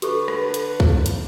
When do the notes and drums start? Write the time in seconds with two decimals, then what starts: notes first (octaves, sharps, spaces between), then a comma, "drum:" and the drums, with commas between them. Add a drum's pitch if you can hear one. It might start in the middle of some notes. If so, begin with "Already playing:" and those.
0.02 D3 G4 A4 B4 C#6, drum: hi-hat
0.28 drum: rim click
0.54 drum: hi-hat
0.80 drum: kick
1.06 drum: hi-hat